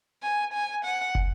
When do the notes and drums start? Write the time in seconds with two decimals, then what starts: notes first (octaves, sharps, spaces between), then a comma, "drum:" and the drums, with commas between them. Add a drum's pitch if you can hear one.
0.23 G#5
0.53 G#5
0.85 F#5
1.15 drum: kick